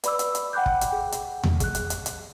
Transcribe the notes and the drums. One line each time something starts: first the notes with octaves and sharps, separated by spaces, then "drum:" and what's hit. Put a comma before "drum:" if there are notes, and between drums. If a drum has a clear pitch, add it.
B4 D5 B5 D6 E6, drum: hi-hat
drum: hi-hat
drum: hi-hat
F#5 G5 B5 D6 F#6 G6
drum: kick
drum: hi-hat
G#4 G5
drum: hi-hat
drum: tom E2
G#4 F#6, drum: kick, hi-hat
drum: hi-hat
drum: hi-hat
drum: hi-hat